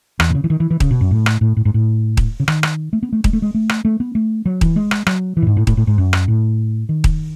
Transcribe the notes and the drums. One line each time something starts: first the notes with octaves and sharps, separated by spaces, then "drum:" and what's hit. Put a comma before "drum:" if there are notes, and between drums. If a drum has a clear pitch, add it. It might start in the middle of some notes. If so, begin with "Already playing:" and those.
E2, drum: rim click
B2
C#3
E3
D#3
E3
E3
C#3, drum: kick D#1
B2
F#2
A2
drum: rim click
A2
A2
G#2
A2
drum: kick D#1
C#3
D#3, drum: rim click
drum: rim click
A3
B3
A3
G#3, drum: kick D#1
A3
G#3
A3
drum: rim click
A3
B3
A3
F#3
E3, drum: kick D#1
G#3
drum: rim click
F#3, drum: rim click
E3
A2
G#2
A2
A2, drum: kick D#1
A2
G#2
F#2
drum: rim click
A2
D#3
drum: kick D#1